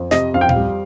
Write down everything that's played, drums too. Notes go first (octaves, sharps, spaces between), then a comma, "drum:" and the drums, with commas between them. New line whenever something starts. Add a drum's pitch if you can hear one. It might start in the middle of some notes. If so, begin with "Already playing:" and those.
Already playing: F2
C3 D#5, drum: snare
F2 F5
G5
F5, drum: tom A2
G3